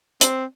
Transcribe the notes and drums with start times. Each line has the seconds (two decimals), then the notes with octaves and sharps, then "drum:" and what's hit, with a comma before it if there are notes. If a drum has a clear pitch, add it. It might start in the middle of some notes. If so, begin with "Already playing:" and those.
0.21 C4, drum: hi-hat